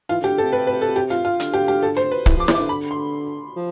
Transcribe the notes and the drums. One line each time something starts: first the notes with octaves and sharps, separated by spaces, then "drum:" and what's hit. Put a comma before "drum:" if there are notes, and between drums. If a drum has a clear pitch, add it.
E3 F4
D3
G4
D3
A4
C3
B4
B4
A4
G4
F4
F4
D3, drum: hi-hat
G4
G4
A4
C5
B4
E3, drum: kick
F3 D6
E3, drum: snare E4
D6
D3
B5
C6
F3